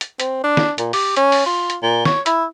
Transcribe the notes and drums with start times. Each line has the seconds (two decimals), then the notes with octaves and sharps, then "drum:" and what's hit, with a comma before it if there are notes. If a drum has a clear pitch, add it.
0.01 drum: hi-hat
0.20 C4, drum: hi-hat
0.43 D4
0.57 drum: snare
0.78 A#2, drum: hi-hat
0.93 G4, drum: open hi-hat
1.16 C#4, drum: hi-hat
1.32 drum: open hi-hat
1.46 F4
1.70 drum: hi-hat
1.82 A#2
2.05 C#5, drum: snare
2.26 E4, drum: hi-hat